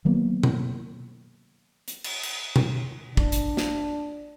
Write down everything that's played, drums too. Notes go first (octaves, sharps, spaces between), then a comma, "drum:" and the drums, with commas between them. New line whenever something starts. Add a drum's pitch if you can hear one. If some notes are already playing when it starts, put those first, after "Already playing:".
D#3 F#3 A#3 B3
drum: tom B2
drum: hi-hat
drum: cymbal
drum: cymbal
drum: tom B2
D4, drum: kick
drum: hi-hat
drum: snare